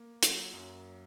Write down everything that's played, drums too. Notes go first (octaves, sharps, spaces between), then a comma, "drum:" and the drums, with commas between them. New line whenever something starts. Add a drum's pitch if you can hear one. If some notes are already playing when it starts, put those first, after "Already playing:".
Already playing: A#3
F#3, drum: hi-hat
F#2